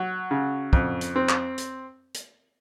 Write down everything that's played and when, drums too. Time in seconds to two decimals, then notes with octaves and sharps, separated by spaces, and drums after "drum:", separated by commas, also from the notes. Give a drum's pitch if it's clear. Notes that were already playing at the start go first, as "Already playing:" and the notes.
Already playing: F#3
0.31 C#3
0.73 F2, drum: kick
1.01 drum: hi-hat
1.16 C4
1.29 drum: clap
1.58 drum: hi-hat
2.14 drum: hi-hat